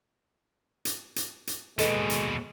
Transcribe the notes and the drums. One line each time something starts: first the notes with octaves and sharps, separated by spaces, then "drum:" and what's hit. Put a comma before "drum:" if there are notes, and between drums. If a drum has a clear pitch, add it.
drum: hi-hat
drum: hi-hat
drum: hi-hat
D#2 B2 G#3 A4 B4 D#5, drum: hi-hat
drum: hi-hat